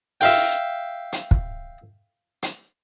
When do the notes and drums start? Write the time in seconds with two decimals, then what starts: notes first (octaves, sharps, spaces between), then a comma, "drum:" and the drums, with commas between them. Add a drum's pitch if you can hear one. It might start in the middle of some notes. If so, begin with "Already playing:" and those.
0.21 E5 F5 G5, drum: open hi-hat
1.12 drum: hi-hat
1.31 drum: kick
2.43 drum: hi-hat